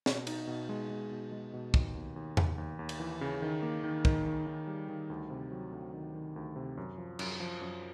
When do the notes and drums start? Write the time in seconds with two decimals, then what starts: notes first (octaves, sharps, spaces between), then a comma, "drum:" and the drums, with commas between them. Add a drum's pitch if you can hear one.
0.06 B2, drum: snare
0.27 D#4, drum: cymbal
0.47 B2
0.69 G#3
0.90 G#3
1.11 B2
1.32 G#3
1.53 B2
1.74 D#2, drum: kick
1.95 D#2
2.16 D#2
2.37 D#2, drum: tom E2
2.58 D#2
2.79 D#2
2.89 drum: cymbal
3.00 E3
3.21 C#3
3.42 D#3
3.62 A#3
3.84 D#3
4.05 D#3, drum: kick
4.26 D#3
4.47 D#3
4.67 G3
4.89 D#3
5.10 D2
5.30 C3
5.52 F#3
5.72 D2
5.94 D#3
6.14 D#3
6.36 D2
6.56 C3
6.77 F#2
6.98 F3
7.19 F#2, drum: cymbal
7.40 F3
7.61 F#2